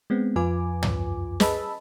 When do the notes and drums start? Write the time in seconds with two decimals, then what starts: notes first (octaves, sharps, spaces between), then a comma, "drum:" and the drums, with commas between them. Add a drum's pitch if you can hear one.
0.10 G#3 B3 C4
0.36 F2 F3 F4 B4 G#5 D6
0.83 drum: tom
1.40 G#4 B4 D#5 A5 B5 E6, drum: snare